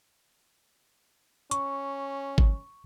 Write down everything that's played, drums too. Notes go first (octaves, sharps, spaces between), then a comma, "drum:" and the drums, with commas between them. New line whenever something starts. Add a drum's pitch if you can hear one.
C#4 C#6, drum: hi-hat
drum: kick G#1